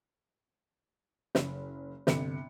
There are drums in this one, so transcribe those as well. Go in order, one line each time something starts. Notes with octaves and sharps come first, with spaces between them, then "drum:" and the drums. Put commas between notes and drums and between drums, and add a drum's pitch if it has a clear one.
F#1, drum: snare
G1 C3 C#7, drum: snare